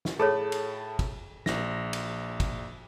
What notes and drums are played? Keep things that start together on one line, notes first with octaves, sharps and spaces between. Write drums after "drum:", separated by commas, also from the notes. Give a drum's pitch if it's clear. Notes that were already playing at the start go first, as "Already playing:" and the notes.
drum: snare
A2 G#4 A4 C#5 A5 B5
drum: cymbal
drum: kick, cymbal
A#1 A#6, drum: snare
drum: cymbal
drum: kick, cymbal